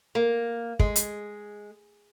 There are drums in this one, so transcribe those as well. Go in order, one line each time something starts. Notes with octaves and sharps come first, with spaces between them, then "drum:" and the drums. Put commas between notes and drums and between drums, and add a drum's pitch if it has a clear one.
A#3
G#3, drum: kick
drum: hi-hat